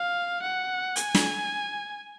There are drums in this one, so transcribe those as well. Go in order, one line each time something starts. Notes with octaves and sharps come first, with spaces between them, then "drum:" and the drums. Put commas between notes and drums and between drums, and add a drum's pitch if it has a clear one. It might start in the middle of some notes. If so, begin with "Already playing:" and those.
Already playing: F5
F#5
G#5, drum: hi-hat
drum: snare